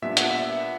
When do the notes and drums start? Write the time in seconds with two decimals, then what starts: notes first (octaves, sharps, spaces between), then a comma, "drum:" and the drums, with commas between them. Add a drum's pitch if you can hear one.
0.02 A#2 G3 B3 D4 E5
0.17 F#5, drum: hi-hat
0.31 E5